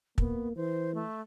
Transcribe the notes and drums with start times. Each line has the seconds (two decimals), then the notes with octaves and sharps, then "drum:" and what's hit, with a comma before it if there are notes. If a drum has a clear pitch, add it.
0.18 A#3 B3, drum: kick
0.56 E3 C5
0.95 A3